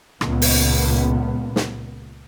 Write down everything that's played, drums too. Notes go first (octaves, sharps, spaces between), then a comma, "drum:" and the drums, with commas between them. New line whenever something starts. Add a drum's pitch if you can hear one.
C#2 A#2 B3, drum: rim click
drum: open hi-hat
drum: snare